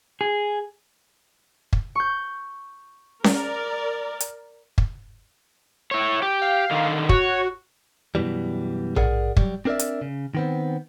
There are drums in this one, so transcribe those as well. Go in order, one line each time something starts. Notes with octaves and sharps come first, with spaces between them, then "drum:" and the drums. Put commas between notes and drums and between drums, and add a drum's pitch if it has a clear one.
G#4
drum: kick
C#6 G6
A#4 D5, drum: snare C#4
drum: hi-hat
drum: kick
E4 C#5
G4
F5
D3 D#3
F#4 C#5, drum: kick
F#2 B2 E3 G3
G#4 A#4 D5 F#5, drum: tom A#1
F#3 G3, drum: kick
C4 D4 A#4 C5 D5 E5
drum: hi-hat
C#3
D#3 B3 C4